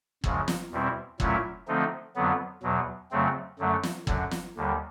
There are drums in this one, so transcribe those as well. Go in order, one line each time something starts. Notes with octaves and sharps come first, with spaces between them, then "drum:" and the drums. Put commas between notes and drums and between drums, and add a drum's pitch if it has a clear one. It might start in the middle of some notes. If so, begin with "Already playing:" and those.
F#2 C#3 F3 G#3, drum: kick
drum: snare
E2 B2 G3 C4 E4
A#2 F#3 A3 C#4 E4, drum: kick
D3 F3 A3 C4 D#4
F2 D3 F#3 B3
E2 B2 F#3
F2 C#3 F#3 A3 C4
F#2 D3 F#3 A3
drum: snare
F#2 D3 F#3, drum: kick
drum: snare
D#2 D3 G3